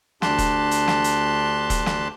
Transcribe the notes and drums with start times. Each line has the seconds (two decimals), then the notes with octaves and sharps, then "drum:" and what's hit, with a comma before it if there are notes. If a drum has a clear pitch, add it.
0.22 D2 D4 G4 A5 C6 F#6, drum: snare
0.38 drum: kick E1, hi-hat
0.71 drum: hi-hat
0.88 drum: snare
1.04 drum: hi-hat
1.70 drum: kick E1, hi-hat
1.86 drum: snare